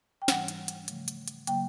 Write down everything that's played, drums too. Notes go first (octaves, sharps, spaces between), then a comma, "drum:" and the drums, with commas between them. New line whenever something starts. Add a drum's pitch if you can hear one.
G5
G#2 E3 G3 F#5, drum: snare
drum: hi-hat
drum: hi-hat
C#3 F3 A3, drum: hi-hat
drum: hi-hat
drum: hi-hat
C#3 F#3 A#3 G5, drum: hi-hat